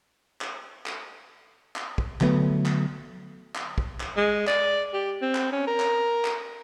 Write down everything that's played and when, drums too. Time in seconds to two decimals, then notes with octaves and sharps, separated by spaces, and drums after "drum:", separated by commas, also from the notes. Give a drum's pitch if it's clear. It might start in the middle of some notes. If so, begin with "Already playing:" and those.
0.41 drum: clap
0.86 drum: clap
1.76 drum: clap
1.98 drum: kick
2.21 D3 F#3 A3 B3, drum: clap
2.65 drum: clap
3.55 drum: clap
3.78 drum: kick
4.00 drum: clap
4.17 G#3
4.47 D5, drum: clap
4.94 G4
5.22 C4
5.35 drum: clap
5.52 C#4
5.67 A#4
5.80 drum: clap
6.25 drum: clap